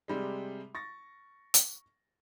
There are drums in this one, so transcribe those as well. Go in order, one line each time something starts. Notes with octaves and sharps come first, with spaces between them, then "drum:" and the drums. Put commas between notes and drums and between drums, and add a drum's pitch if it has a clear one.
C3 G3 G#3
C#6 A6 A#6
drum: hi-hat